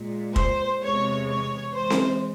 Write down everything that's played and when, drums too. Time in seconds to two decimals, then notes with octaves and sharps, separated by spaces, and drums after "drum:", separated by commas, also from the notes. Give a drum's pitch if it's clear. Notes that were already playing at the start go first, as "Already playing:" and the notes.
Already playing: A#2 G#3
0.36 C5, drum: kick
0.82 E2 C3 E3 G#3 C#5
1.28 C#5
1.74 E2 E3 G#3 C5
1.90 drum: snare C4